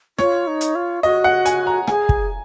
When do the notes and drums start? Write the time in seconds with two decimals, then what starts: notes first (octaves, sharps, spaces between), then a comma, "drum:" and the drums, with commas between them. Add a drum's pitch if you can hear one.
0.18 F4 C#5, drum: rim click
0.47 D#4
0.61 drum: hi-hat
0.75 F4
1.03 F#4 D#5
1.24 F#5
1.46 G#5, drum: hi-hat
1.67 A#5
1.87 G#4 G#5, drum: rim click
2.09 drum: kick